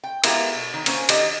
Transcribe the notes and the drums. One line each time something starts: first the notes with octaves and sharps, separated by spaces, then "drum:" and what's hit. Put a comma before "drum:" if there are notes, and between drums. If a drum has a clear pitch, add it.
G5
G#3 B3 E4 F4 G4 A#4, drum: cymbal
B2
D#3
A#3 C#4 C5 G5 G#5, drum: cymbal
D#3 D4 G4 A4 D#5, drum: cymbal